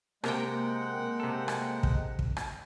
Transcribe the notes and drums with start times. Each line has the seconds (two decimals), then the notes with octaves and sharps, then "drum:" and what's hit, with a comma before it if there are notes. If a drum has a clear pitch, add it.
0.24 C3 G#3 A#3 A#4 F#5 G5, drum: rim click
1.20 C3 A4
1.48 drum: rim click
1.83 drum: kick
2.19 drum: kick
2.37 drum: rim click